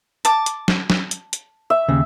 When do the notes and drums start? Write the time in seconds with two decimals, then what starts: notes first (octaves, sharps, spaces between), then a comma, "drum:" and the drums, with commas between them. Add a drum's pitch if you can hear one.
0.25 A5 D6, drum: hi-hat
0.46 drum: hi-hat
0.68 drum: snare
0.90 drum: snare
1.11 drum: hi-hat
1.33 drum: hi-hat
1.70 E5
1.89 D#2 C#3